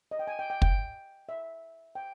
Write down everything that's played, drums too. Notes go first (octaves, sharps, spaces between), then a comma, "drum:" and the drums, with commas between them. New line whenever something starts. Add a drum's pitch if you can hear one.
D#5
G5
G#5
G5
G5
G5, drum: kick
E5
G5